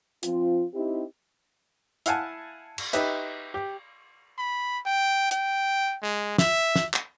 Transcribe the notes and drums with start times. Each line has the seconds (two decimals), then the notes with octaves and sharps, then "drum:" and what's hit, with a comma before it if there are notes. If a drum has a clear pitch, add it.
0.23 F3 C4 F4, drum: hi-hat
0.74 C4 D#4 E4 G4
2.06 E4 F5 F#5 G#5 A5, drum: hi-hat
2.78 drum: cymbal
2.93 D#4 G4 B4 E5, drum: hi-hat
3.54 G4
4.38 B5
4.86 G5
5.31 G5, drum: hi-hat
6.02 G#3
6.38 E5, drum: snare
6.76 drum: snare
6.94 drum: clap